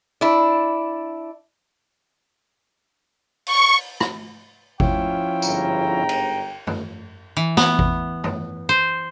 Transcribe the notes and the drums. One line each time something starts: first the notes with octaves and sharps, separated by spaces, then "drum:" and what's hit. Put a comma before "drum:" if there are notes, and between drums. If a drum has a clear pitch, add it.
D4 E4
C#6, drum: open hi-hat
drum: rim click
F3 C#4 E4 G5, drum: kick G#1
G1 G#2 A#5, drum: tambourine
drum: cymbal
drum: tom
E3
B3, drum: snare
drum: kick G#1
drum: tom
C5